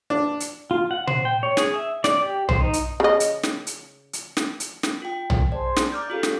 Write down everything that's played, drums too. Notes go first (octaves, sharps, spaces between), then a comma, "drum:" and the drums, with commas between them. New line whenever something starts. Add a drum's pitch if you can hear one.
D4
drum: hi-hat
F4
F#5
C5, drum: tom A#2
G5
C#5
G#4, drum: snare
E5
D5, drum: snare
G4
C5, drum: tom
D#4
drum: hi-hat
C#3 D#5
drum: hi-hat
drum: snare
drum: hi-hat
drum: hi-hat
drum: snare
drum: hi-hat
drum: snare
F4 G5
drum: tom
G#4 C5 D5 A5
drum: snare
D5 A#5 D6 F6 G6
C#4 F4 G4 A4 F5
drum: snare